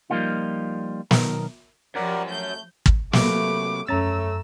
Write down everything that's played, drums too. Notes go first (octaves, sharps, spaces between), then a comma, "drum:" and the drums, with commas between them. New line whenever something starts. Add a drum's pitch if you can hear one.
F3 G3 A#3 D#4 F4
B1 G#2 D#3 A#4, drum: snare
F#2 F3 G3 A#4 D5 F#5
A3 G6
drum: kick
C3 F#3 A3 A#3 B4 D6, drum: snare
F#2 A3 C#4 A#5 E6 A6